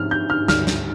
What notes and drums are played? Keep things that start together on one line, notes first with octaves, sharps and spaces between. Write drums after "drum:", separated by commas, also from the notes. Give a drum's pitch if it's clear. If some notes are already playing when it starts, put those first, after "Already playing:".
Already playing: G#2 F3 C4 F6
G6
F6
D2 D3 G3 F6, drum: snare
drum: snare